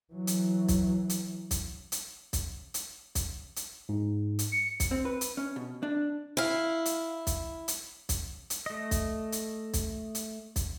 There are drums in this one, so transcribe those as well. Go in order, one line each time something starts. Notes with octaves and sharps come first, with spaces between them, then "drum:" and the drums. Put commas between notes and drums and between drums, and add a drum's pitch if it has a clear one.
E3 F#3
drum: hi-hat
drum: kick, hi-hat
drum: hi-hat
drum: kick, hi-hat
drum: hi-hat
drum: kick, hi-hat
drum: hi-hat
drum: kick, hi-hat
drum: hi-hat
G#2
drum: hi-hat
C#7
drum: kick, hi-hat
C4
B4
drum: hi-hat
C#4
B2
D4
E4 F5
drum: hi-hat
drum: kick, hi-hat
drum: hi-hat
drum: kick, hi-hat
drum: hi-hat
A3 D#5
drum: kick, hi-hat
drum: hi-hat
drum: kick, hi-hat
drum: hi-hat
drum: kick, hi-hat